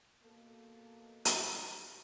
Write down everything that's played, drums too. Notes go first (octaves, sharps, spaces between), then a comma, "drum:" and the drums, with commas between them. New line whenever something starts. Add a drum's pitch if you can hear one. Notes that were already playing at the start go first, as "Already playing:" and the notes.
B2 A#3 A4
drum: hi-hat